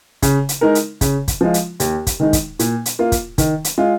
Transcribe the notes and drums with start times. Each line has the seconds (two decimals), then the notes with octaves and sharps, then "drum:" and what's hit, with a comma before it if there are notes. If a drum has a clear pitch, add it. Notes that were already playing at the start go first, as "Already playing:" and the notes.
0.22 C#3, drum: kick, hi-hat
0.49 drum: hi-hat
0.61 G#3 D#4 A#4
0.75 drum: hi-hat
1.01 C#3, drum: kick, hi-hat
1.28 drum: kick, hi-hat
1.41 F3 G#3 F4
1.54 drum: hi-hat
1.80 D#2, drum: hi-hat
2.07 drum: kick, hi-hat
2.20 D#3 G#3 D#4
2.33 drum: kick, hi-hat
2.59 A#2, drum: hi-hat
2.86 drum: hi-hat
2.99 A#3 F4
3.12 drum: kick, hi-hat
3.38 D#3, drum: kick, hi-hat
3.64 drum: hi-hat
3.78 G#3 F4